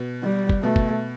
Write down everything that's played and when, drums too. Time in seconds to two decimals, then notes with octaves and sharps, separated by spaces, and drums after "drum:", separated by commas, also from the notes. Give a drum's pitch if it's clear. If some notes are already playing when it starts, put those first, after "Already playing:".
Already playing: B2
0.23 G3
0.49 drum: kick
0.63 B2 A3
0.76 drum: kick